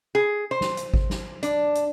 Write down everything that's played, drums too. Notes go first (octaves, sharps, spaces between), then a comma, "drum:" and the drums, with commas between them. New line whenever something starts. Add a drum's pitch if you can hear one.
G#4
C5
drum: snare
drum: hi-hat
drum: kick G#1
drum: snare
D4, drum: hi-hat
drum: hi-hat